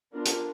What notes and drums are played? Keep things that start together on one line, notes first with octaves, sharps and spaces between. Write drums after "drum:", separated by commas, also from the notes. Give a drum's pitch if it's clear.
B3 D4 F4 A#4
drum: hi-hat